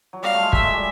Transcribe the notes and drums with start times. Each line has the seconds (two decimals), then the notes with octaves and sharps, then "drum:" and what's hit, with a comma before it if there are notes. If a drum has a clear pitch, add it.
0.13 F#3
0.22 G3 F5
0.33 A3
0.43 G#3
0.53 A3 E5, drum: kick
0.64 G#3
0.74 G3